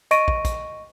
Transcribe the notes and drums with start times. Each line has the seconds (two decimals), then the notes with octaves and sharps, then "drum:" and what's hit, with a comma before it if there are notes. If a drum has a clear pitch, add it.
0.11 D#5 C#6 A#6 D7 D#7, drum: hi-hat
0.28 drum: kick
0.45 drum: kick, hi-hat